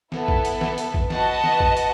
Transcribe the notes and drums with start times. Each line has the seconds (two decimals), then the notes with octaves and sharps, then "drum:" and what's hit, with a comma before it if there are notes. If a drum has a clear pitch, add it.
0.12 B3 E4 A4, drum: snare
0.28 drum: kick
0.45 drum: hi-hat
0.61 drum: snare
0.78 drum: hi-hat
0.94 drum: kick
1.10 F#4 B4 D#5 F#5 A5, drum: snare
1.44 drum: snare
1.60 drum: kick
1.77 drum: hi-hat